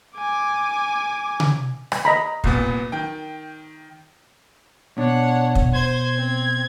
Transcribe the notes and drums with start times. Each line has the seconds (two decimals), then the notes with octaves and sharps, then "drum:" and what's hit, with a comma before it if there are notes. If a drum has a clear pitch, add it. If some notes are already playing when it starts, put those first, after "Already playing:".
0.17 G#5 D6
1.40 drum: tom C3
1.92 drum: rim click
2.05 D#5 A#5 B5
2.44 C2 A#2 B3, drum: kick
2.92 D#3 G5
4.98 B2 D4 C#5 F#5
5.55 drum: kick
5.73 C5 G#6
6.16 C4